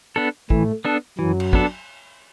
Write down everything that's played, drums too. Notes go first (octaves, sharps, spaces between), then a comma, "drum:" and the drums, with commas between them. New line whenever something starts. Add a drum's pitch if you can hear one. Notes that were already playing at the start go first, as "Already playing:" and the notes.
B3 D4 A4
A2 E3 A3, drum: kick
B3 D4 A4
F#2 E3 F#3
drum: cymbal
B3 D4 A4, drum: kick